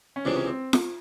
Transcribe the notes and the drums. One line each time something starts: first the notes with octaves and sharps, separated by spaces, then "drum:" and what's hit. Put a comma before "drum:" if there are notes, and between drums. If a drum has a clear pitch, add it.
C#4
C#2 C3 E3 G#3 D4
C#4
C4
drum: snare F4